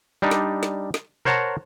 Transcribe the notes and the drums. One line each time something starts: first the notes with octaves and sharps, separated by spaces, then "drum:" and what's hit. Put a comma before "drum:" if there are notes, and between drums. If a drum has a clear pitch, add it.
G3 D4 D#4
drum: snare
drum: snare
drum: snare
A#4 C5 C#5 F#5 A5 A#5, drum: tom B2